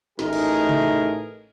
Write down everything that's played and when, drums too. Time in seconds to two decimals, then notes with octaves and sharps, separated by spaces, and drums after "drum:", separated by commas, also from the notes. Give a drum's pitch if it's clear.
0.19 A1 E3 A3 D#4 G#4 A#4, drum: snare
0.33 drum: cymbal
0.69 drum: tom C3